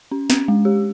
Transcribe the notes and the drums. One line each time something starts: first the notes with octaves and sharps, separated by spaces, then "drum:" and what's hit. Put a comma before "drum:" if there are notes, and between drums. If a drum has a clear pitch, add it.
C#4
C#4, drum: snare
G#3
G4